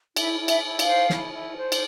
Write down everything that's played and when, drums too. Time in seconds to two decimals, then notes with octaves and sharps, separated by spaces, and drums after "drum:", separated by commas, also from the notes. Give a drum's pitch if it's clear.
0.16 E4 E5, drum: cymbal
0.40 E4
0.48 E5, drum: cymbal
0.64 E4
0.79 F5, drum: cymbal
0.86 C5
1.10 E4, drum: snare
1.33 E4
1.56 C5
1.72 drum: cymbal